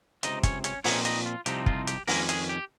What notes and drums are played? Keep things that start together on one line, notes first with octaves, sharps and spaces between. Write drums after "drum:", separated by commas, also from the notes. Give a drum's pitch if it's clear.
C#2 C3 F3 C4 D#4 D#5, drum: hi-hat
C#4 C#5, drum: kick, hi-hat
C#4 C#5, drum: hi-hat
A#2 F3 C4 C#4 D#4 C#5, drum: open hi-hat
D#4 D#5, drum: hi-hat
F4
C2 C3 F3 C4 D#4 G4, drum: hi-hat
F4, drum: kick
G4, drum: hi-hat
F2 D#3 G#3 A#3 C#4 A#4, drum: open hi-hat
G#3 G#4, drum: hi-hat
G4